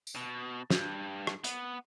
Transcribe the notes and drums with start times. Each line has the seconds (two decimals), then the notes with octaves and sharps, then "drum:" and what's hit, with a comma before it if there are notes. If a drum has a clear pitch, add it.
0.07 drum: tambourine
0.16 B2
0.70 G2, drum: snare
1.27 drum: rim click
1.44 B3, drum: hi-hat